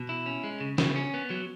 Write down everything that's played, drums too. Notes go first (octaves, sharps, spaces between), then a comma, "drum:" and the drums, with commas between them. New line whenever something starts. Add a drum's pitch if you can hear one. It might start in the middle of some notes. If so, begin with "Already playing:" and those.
Already playing: B2
E4
C#4
G#3
C#3
C#3, drum: snare
C#4
B3
F#3